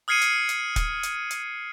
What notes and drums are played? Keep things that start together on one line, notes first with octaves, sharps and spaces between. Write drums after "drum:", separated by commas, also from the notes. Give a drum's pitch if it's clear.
D#6 F6 G#6 C7 C#7 D#7
drum: hi-hat
drum: hi-hat
drum: kick, hi-hat
drum: hi-hat
drum: hi-hat